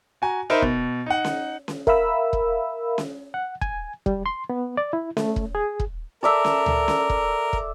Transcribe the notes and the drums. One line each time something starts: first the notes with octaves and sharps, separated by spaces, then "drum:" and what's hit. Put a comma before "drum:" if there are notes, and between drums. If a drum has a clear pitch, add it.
F#4 G#5 A#5
D#4 A#4 C5 E5 B5
B2, drum: kick
D#4 F#5
drum: snare C#4
drum: snare C#4
A#4 E5 F5 B5 E6, drum: kick
drum: kick
drum: snare C#4
F#5
G#5, drum: kick
G3, drum: kick
C6
B3
D5
E4
A3, drum: snare C#4
drum: kick
G#4
drum: kick
A4 A#4 D5 E5
drum: snare C#4
drum: tom C#2
drum: snare C#4
drum: kick
drum: kick